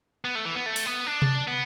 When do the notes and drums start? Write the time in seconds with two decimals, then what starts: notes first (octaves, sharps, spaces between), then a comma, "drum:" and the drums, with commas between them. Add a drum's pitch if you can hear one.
0.25 B3
0.35 A3
0.45 E3
0.55 B3
0.66 A3
0.76 drum: open hi-hat
0.86 B3
1.07 D4
1.22 drum: tom C3
1.48 B3